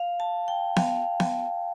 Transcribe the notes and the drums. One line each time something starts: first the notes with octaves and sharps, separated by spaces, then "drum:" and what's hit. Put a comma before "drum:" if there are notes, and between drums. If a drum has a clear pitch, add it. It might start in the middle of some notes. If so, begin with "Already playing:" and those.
Already playing: F5
A5
G5
F5, drum: snare B3
drum: snare B3